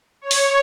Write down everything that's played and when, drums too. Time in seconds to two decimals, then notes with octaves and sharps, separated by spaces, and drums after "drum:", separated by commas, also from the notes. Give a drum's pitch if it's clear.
0.21 C#5
0.31 drum: open hi-hat